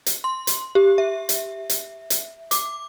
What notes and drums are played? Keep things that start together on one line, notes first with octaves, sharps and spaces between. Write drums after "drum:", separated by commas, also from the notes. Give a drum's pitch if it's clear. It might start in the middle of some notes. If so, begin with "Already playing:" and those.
drum: hi-hat
C6
drum: hi-hat
G4
E5
drum: hi-hat
drum: hi-hat
drum: hi-hat
D6, drum: hi-hat